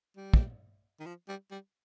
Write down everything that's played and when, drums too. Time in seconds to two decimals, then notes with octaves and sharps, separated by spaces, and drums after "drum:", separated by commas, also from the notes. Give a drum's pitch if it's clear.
0.17 G3
0.34 drum: kick
1.00 D#3
1.06 F3
1.28 G3
1.51 G3